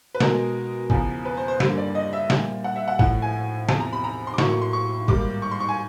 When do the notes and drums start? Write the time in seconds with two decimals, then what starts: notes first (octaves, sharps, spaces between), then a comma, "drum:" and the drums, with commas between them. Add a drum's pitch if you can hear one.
0.15 B4
0.20 B2 G#3 A#4, drum: snare
0.90 E2 C#3 F3, drum: kick
1.25 B4
1.37 C5
1.48 C5
1.60 G2 D3 G3 A#3, drum: snare
1.78 D5
1.95 D#5
2.13 E5
2.30 A#2 G3 A#3, drum: snare
2.64 F#5
2.76 E5
2.88 F#5
2.99 A2 F3 A3 F#5, drum: kick
3.22 G#5
3.69 E2 C3 F3 A5, drum: snare
3.80 A#5
3.93 B5
4.04 A#5
4.27 C6
4.34 D6
4.38 A2 F#3 A#3 C#6, drum: snare
4.50 C#6
4.62 C6
4.73 C#6
5.08 G#2 D#3 G3 A#3 D6, drum: kick
5.42 C#6
5.51 C6
5.60 C#6
5.69 G#5